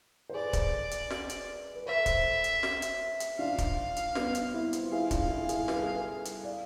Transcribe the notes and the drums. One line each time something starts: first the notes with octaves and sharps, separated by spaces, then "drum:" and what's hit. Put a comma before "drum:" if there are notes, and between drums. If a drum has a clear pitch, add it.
C5
G#4 B4 D5
drum: kick, hi-hat
drum: hi-hat
drum: snare
drum: hi-hat
B4
A4 C5 E5
drum: kick, hi-hat
drum: hi-hat
drum: snare
drum: hi-hat
drum: hi-hat
D4 F4 F5
drum: kick, hi-hat
drum: hi-hat
B3 D4, drum: snare
drum: hi-hat
C4 E4
drum: hi-hat
F4
E4 G#4 F5
D4 F4, drum: kick, hi-hat
E4 G#4
E4 G#4, drum: hi-hat
B4, drum: snare
A4
G#4 B4
drum: hi-hat
D5 F5